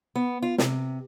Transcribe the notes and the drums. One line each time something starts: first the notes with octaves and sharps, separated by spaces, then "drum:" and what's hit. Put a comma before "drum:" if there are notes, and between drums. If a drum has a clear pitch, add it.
B3
F4
C3, drum: snare